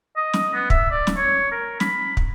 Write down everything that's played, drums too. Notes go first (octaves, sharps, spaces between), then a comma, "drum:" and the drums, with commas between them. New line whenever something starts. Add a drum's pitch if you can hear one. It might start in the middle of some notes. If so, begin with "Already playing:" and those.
D#5
drum: snare
B3
E5, drum: kick
D5
drum: snare
C#5
A#4
B5, drum: snare
drum: kick